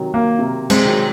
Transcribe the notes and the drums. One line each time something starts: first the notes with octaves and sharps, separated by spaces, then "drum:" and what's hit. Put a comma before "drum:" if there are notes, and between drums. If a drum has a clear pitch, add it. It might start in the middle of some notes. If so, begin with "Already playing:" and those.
Already playing: C3 D#3 F#3
A#3
C3
G#3 C4, drum: cymbal
D#3 F#3